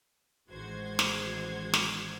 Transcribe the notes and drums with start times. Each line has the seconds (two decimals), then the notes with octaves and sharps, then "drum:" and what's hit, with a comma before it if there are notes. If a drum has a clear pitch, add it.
0.49 A1 D#3 G#3 F#4 C5 G#6
0.99 drum: snare
1.74 drum: snare